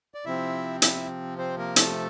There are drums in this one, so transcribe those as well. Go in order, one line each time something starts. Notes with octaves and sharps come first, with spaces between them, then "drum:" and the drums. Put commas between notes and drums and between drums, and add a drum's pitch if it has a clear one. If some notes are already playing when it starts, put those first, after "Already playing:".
D5
C3 F3 C4 E4 E5
E4 E5, drum: hi-hat
C4 C5
A#3 A#4
A3 A4, drum: hi-hat